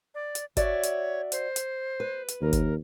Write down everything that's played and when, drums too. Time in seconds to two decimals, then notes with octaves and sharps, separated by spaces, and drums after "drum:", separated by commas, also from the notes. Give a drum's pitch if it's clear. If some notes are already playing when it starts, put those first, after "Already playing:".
0.15 D5
0.35 drum: hi-hat
0.57 F#4 C#5 D5 E5, drum: kick G1, hi-hat
0.83 drum: hi-hat
1.32 C5, drum: hi-hat
1.56 drum: hi-hat
2.00 B4
2.28 drum: hi-hat
2.41 D#2 A#4
2.53 drum: kick G1, hi-hat